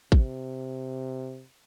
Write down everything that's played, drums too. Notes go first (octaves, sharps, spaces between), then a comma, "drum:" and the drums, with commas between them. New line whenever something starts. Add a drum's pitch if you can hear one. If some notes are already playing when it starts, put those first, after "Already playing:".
C3, drum: kick